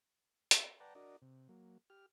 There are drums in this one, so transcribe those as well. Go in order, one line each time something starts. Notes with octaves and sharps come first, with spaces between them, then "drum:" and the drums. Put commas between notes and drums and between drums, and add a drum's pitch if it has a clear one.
drum: hi-hat
B4 D5 F#5 G5 A5 A#5
D4 F#4 A#4 D5 D#5
C3
F#3 A#3
G4 F6